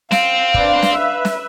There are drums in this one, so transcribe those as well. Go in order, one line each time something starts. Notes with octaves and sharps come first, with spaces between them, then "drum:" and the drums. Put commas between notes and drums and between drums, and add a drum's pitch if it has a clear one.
C4 F5, drum: snare
D4 B4 D5, drum: kick
drum: snare
B4 E5
drum: snare